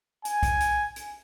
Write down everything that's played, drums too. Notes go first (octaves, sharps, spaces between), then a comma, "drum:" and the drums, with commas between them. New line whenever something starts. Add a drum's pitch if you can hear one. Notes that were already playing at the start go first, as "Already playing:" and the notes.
G#5, drum: hi-hat
drum: kick B1, hi-hat
drum: hi-hat
drum: hi-hat